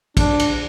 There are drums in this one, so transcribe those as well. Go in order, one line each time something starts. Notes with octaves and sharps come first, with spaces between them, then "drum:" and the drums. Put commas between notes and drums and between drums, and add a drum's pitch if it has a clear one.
D4, drum: kick, cymbal
drum: cymbal